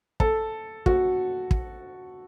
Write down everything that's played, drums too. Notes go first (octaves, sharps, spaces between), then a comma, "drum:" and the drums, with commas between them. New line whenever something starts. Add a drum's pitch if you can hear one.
A4, drum: kick
F#4, drum: kick
drum: kick